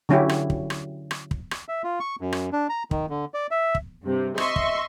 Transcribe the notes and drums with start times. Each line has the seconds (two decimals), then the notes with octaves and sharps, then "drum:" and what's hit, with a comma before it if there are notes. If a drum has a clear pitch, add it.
0.09 D3 F#3 C#4 E4 F#4 G4
0.29 drum: rim click
0.50 drum: kick
0.70 drum: rim click
1.11 drum: rim click
1.31 drum: kick
1.51 drum: rim click
1.68 E5
1.84 F4
2.00 C#6
2.21 F#2
2.32 drum: rim click
2.53 D4
2.69 A#5
2.91 D#3, drum: kick
3.10 D3
3.34 D5
3.51 E5
3.75 drum: kick
4.03 G2 C3
4.38 D#5 E5 C6 C#6, drum: rim click
4.56 drum: kick